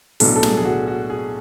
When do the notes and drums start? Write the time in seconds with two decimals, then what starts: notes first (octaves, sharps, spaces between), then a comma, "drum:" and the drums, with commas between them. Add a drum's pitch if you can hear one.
0.20 B1 A2 F#3 B3 D4 A4, drum: open hi-hat
0.36 A4
0.43 G#4, drum: snare
0.57 G#4
0.65 F#4
0.87 F#4
1.10 G#4